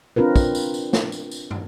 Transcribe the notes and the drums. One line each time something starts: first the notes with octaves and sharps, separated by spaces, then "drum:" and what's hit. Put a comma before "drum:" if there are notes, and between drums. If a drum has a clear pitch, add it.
C4 D4 F4 A#4 B4
drum: kick, tambourine
drum: tambourine
drum: tambourine
drum: snare
drum: tambourine
drum: tambourine
drum: tom